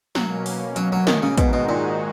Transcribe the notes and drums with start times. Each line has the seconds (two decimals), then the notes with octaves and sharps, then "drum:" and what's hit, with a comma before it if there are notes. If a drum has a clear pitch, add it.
0.15 B2 F#3 A#3 C#4, drum: snare
0.46 drum: open hi-hat
0.76 F#3, drum: hi-hat
0.92 F#3
1.07 D#3, drum: snare
1.23 C#3
1.38 G#2 B2 D#3 G#3 D#4 F#4, drum: kick, hi-hat
1.53 B2
1.69 A#2